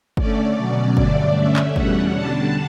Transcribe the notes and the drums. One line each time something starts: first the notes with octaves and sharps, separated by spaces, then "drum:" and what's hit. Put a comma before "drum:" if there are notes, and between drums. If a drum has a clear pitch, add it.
D3 A3 C#4 D5, drum: kick
B2 F#3 C#4
G2 D3 A3 D4, drum: kick
D3 A3 C#4 E5
drum: clap
E2 B2 G3 C#4 F#5, drum: kick
D3 G3 D4 A5